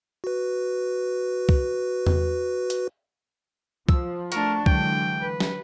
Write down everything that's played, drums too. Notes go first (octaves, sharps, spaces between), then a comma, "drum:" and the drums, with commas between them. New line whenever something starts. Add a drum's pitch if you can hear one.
F#4 B4
drum: kick C2
drum: tom E2
drum: hi-hat
F3 E6, drum: kick C2
A3 D4 F#4 A#4 A5, drum: hi-hat
D3 E3 F#3 G#3 G5, drum: kick C2
B4
drum: snare